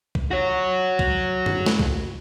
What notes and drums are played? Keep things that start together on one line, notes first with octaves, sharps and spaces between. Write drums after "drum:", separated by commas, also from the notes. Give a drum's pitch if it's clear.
drum: kick
F#4 C#5
drum: kick
drum: tom F#2
drum: snare
drum: kick